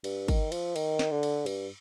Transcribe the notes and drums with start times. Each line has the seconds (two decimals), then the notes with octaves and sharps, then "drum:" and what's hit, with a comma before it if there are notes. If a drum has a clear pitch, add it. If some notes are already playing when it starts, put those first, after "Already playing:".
0.04 G2, drum: cymbal
0.28 D#3, drum: kick, cymbal
0.52 F3, drum: cymbal
0.76 D#3, drum: cymbal
0.99 drum: snare
1.11 D3
1.23 drum: cymbal
1.46 G2, drum: cymbal